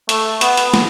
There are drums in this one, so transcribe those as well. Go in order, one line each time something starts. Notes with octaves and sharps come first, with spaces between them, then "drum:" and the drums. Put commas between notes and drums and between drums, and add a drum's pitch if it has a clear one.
A3, drum: hi-hat
B3, drum: hi-hat
drum: hi-hat
drum: snare